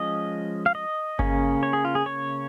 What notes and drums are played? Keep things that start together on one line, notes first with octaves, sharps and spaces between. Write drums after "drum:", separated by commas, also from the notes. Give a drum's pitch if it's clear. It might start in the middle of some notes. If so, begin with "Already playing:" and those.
Already playing: F3 G#3 C#4 D#5
F5
D#5
C#3 A#3 C#4, drum: kick G1
C#5
G#4
F4
G#4
C#5